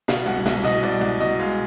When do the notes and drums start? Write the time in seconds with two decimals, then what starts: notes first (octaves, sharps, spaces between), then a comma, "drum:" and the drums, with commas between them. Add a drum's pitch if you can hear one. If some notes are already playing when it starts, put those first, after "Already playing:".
0.08 B2 F5, drum: snare
0.26 C2 F#5
0.46 C2, drum: snare
0.64 B2 D#5
0.83 C2 D5
1.01 C2
1.20 B2 D#5
1.39 G#3 F5